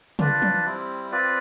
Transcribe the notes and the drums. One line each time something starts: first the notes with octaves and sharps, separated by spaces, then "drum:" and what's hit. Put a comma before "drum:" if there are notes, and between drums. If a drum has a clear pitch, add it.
D4 F4 B4 D5, drum: tom
drum: tom
G3 C4 E4
C4 F4 B4 D5